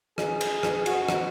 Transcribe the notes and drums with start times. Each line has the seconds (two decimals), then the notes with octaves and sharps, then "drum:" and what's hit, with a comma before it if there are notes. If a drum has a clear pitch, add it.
0.18 G#4, drum: rim click
0.41 drum: cymbal
0.63 drum: rim click
0.86 F#4, drum: cymbal
1.09 drum: rim click